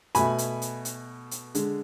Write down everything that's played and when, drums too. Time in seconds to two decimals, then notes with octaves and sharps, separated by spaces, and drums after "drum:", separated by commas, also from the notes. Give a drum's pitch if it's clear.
0.15 B2 A3 G#5 B5, drum: hi-hat
0.38 drum: hi-hat
0.62 drum: hi-hat
0.85 drum: hi-hat
1.31 drum: hi-hat
1.55 D3 G#3, drum: hi-hat